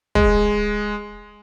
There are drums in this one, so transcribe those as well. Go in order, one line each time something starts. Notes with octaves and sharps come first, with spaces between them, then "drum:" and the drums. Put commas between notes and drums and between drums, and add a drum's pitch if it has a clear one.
G#3, drum: kick